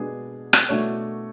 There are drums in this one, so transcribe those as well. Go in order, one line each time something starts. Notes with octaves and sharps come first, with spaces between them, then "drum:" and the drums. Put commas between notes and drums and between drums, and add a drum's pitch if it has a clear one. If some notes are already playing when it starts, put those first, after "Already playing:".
Already playing: B2 G#3 B3 D4 G#4
drum: rim click
B2 A3 D4 F#4 C#5